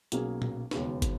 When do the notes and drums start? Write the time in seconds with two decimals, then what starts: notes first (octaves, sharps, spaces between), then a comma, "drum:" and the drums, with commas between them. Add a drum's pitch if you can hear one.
0.12 B1 B2 A#3 C#4 G#4, drum: hi-hat
0.42 drum: tom A#2
0.71 E1 D#2 C#3 F#3 B3, drum: snare
1.02 drum: kick, hi-hat